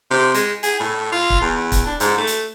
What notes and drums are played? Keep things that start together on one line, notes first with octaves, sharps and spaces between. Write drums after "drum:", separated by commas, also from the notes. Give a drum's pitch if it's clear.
C3
G#3, drum: hi-hat
G#4, drum: hi-hat
A2
F4
drum: kick
E2
drum: kick, hi-hat
D4
G#2, drum: hi-hat
A3
drum: hi-hat